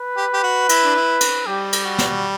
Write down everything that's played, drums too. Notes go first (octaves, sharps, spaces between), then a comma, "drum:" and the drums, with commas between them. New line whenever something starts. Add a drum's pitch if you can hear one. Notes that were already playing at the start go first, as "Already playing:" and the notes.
Already playing: B4
G4
G4
F#4
E4, drum: cymbal
D4
E4
drum: cymbal
G3 G4
drum: cymbal
F#4
drum: snare